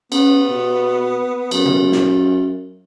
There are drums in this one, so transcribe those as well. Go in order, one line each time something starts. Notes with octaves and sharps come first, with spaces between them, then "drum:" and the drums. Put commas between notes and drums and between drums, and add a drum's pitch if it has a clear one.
B3 C#4, drum: cymbal
B2
F#2, drum: cymbal
drum: tom
drum: snare